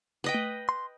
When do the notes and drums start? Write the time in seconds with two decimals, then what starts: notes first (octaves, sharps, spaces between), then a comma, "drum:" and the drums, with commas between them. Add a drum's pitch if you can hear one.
0.24 B4 D#5 G5
0.34 drum: tom A3
0.69 C6